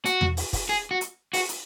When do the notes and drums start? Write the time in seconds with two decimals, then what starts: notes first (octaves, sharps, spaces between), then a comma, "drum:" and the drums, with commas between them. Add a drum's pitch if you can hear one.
0.05 F#4, drum: hi-hat
0.21 drum: tom E2
0.37 drum: open hi-hat
0.53 drum: kick, open hi-hat
0.69 G#4
0.91 F#4
1.01 drum: hi-hat
1.33 F#4, drum: open hi-hat
1.49 drum: hi-hat